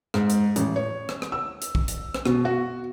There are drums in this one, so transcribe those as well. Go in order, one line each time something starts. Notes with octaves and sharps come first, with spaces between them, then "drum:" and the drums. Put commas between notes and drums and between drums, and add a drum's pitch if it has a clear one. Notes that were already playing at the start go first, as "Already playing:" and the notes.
G#2, drum: rim click
drum: hi-hat
A1, drum: hi-hat
C#5
drum: rim click
drum: rim click
E6
drum: hi-hat
drum: kick
drum: hi-hat
drum: rim click
B2, drum: rim click
F#4